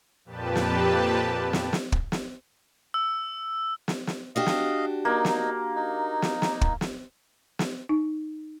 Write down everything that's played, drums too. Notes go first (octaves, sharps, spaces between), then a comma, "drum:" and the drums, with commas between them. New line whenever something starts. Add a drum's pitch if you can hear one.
F2 A#2 G4 B4 A5
drum: snare
drum: snare
drum: snare
drum: kick
drum: snare
E6
drum: snare
drum: snare
D4 F#4 G4 D#5 F5
drum: snare
A#3 D#4
drum: snare
D#4
drum: snare
drum: snare
drum: kick
drum: snare
drum: snare
D#4